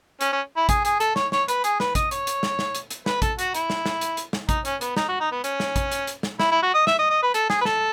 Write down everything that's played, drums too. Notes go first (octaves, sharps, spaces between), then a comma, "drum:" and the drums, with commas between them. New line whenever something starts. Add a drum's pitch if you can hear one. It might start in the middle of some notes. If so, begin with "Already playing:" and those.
C#4, drum: hi-hat
C#4
E4
G#4, drum: kick, hi-hat
G#4, drum: hi-hat
A4, drum: hi-hat
C#5, drum: snare
C#5, drum: snare
B4, drum: hi-hat
G#4, drum: hi-hat
B4, drum: snare
D#5, drum: kick, hi-hat
C#5, drum: hi-hat
drum: hi-hat
drum: snare
drum: snare
drum: hi-hat
drum: hi-hat
B4, drum: snare
A4, drum: kick, hi-hat
F#4, drum: hi-hat
E4, drum: hi-hat
drum: snare
drum: snare
drum: hi-hat
drum: hi-hat
drum: snare
D#4, drum: kick, hi-hat
C#4, drum: hi-hat
B3, drum: hi-hat
D#4, drum: snare
F#4
D#4
B3
C#4, drum: hi-hat
drum: snare
drum: kick, hi-hat
drum: hi-hat
drum: hi-hat
drum: snare
E4, drum: snare
E4
F#4
D#5
E5, drum: snare
D#5
D#5
B4
A4, drum: hi-hat
G#4, drum: snare
B4
A4, drum: snare